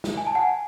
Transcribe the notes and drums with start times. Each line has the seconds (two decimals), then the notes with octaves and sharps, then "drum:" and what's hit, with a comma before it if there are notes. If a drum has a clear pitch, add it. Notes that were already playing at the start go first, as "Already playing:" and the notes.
0.04 drum: snare
0.17 G#5
0.27 A5
0.35 F#5 G#5